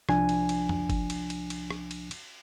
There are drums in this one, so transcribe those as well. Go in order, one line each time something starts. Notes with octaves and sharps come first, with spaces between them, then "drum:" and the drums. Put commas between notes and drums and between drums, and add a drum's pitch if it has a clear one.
C2 F3 D4 G#5, drum: rim click
drum: cymbal
drum: cymbal
drum: tom F2
drum: kick G1, cymbal
drum: cymbal
drum: cymbal
drum: cymbal
drum: rim click
drum: cymbal
drum: cymbal